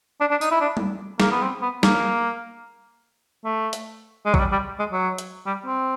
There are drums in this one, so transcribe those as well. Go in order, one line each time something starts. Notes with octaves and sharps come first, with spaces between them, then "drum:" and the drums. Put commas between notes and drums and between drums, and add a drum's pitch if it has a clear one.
D4
D4
D#4, drum: tambourine
E4
D4
drum: tom G3
A#3, drum: snare
B3
C4
B3
A#3, drum: snare
A3
drum: hi-hat
G#3
F#3, drum: kick A#1
G3
G3
G#3
F#3
drum: hi-hat
G3
C4